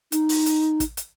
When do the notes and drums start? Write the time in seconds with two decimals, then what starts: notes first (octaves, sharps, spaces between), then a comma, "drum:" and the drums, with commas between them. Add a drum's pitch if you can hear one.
0.12 D#4, drum: hi-hat
0.29 drum: open hi-hat
0.46 drum: hi-hat
0.80 drum: kick, hi-hat
0.97 drum: hi-hat